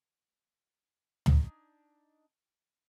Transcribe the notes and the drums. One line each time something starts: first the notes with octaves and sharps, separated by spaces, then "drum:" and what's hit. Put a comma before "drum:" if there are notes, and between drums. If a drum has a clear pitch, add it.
D4 D#4 G#5, drum: tom